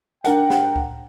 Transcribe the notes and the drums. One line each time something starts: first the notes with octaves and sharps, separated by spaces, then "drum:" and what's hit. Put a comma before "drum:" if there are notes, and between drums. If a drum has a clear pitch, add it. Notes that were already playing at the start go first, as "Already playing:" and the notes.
D4 A#4 F#5 G5, drum: hi-hat
drum: snare
drum: kick C#2